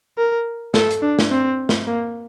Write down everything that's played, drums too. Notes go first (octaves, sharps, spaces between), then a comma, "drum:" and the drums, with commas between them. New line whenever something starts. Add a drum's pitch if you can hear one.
A#4
A4, drum: snare
drum: hi-hat
D4
drum: snare
C4
drum: snare
A#3